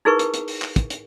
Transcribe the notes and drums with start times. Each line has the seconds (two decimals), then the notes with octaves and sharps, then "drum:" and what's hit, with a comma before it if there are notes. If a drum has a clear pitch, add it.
0.05 D#4 E4 G#4 A#4 B4 C#6
0.19 drum: hi-hat
0.34 drum: hi-hat
0.48 drum: open hi-hat
0.62 drum: clap
0.76 drum: kick, hi-hat
0.90 drum: hi-hat